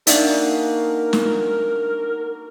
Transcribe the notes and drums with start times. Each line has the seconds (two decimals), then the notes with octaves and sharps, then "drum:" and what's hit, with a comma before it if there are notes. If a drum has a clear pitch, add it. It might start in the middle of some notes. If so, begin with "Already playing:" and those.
0.07 A#3 D4 D#4 F#4 A#4 D5 E5 G#5, drum: hi-hat
1.13 drum: snare